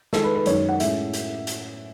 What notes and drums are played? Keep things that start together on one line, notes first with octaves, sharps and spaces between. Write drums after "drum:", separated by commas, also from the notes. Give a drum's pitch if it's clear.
D#3 G#3 D#4 A4, drum: snare
B4
B4
F#2 D#3 G#3 D#4 C#5, drum: hi-hat
F#5
A2 G#3 C#4 E5, drum: hi-hat
drum: hi-hat
drum: hi-hat